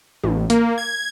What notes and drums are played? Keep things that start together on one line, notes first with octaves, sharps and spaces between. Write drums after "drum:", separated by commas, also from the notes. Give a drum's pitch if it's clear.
A1, drum: tom
A#3, drum: hi-hat
G#6